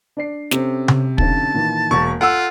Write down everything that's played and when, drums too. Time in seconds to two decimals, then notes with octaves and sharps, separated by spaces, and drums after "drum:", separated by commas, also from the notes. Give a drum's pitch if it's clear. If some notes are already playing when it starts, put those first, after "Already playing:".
0.17 D4 D5 C7
0.51 C3 C#4 A4 C5, drum: snare
0.88 drum: tom C3
1.18 B1 D3 C#4 A5, drum: kick
1.54 A#2 D#3 E3
1.91 E1 A#3 C#6
2.21 F4 A4 F#5 E6